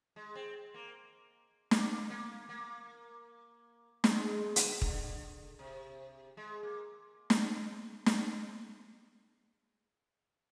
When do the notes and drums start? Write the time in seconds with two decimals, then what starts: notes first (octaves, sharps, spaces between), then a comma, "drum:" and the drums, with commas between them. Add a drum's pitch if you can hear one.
0.16 G#3
0.35 C4
0.74 A#3
1.71 A#3, drum: snare
2.10 A#3
2.49 A#3
4.04 G#3, drum: snare
4.56 drum: hi-hat
4.82 D3, drum: kick
5.59 C3
6.37 G#3
6.63 A#3
7.30 drum: snare
8.06 drum: snare